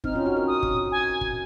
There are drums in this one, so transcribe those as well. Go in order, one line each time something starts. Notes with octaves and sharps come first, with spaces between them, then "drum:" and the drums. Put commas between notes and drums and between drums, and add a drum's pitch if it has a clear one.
C4 D#4 F6, drum: kick
C#4 F4
D#4 F#4
F#4 A#4
D#6
drum: kick
G#5
drum: kick